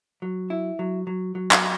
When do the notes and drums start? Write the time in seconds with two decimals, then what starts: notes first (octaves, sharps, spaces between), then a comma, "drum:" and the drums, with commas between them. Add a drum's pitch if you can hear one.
0.22 F#3
0.50 E4
0.79 F#3
1.07 F#3
1.35 F#3
1.51 drum: clap